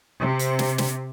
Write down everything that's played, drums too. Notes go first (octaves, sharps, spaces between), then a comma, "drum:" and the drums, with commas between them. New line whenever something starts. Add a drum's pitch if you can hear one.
C3
drum: hi-hat
drum: snare
drum: snare